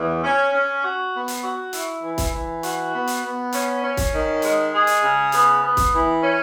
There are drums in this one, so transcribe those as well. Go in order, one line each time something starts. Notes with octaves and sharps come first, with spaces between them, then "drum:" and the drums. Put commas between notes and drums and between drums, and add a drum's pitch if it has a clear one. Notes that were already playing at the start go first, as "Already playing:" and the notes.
Already playing: E2
C#4
C#4
F#4
B3
drum: hi-hat
F#4
E4, drum: hi-hat
E3
drum: kick, hi-hat
E3
F#4, drum: hi-hat
B3
drum: hi-hat
B3
C#4, drum: hi-hat
C#4
drum: kick, hi-hat
D#3
G#3, drum: hi-hat
G#4
drum: hi-hat
C#3
B3, drum: hi-hat
B3
drum: kick, hi-hat
E3
C#4